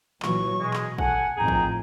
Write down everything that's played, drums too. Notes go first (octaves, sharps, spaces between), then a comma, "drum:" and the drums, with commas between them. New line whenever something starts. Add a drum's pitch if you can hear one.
A#2 E3 F#3 C#6, drum: clap
B2 G#3
drum: clap
A4 F#5 G#5, drum: kick
F2 A2 D#3 G#4 G5 A#5
drum: kick